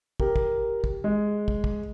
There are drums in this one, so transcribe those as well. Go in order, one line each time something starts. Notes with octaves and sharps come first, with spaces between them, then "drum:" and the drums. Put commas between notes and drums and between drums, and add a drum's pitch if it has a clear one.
G4 A#4, drum: kick
drum: kick
drum: kick
G#3
drum: kick
drum: kick